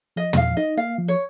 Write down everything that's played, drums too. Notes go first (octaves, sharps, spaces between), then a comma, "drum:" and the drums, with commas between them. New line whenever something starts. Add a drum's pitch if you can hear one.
F3 D#5
D#5, drum: tom
F3 F5
D#4 D#5
A#3 F5
F3
C#5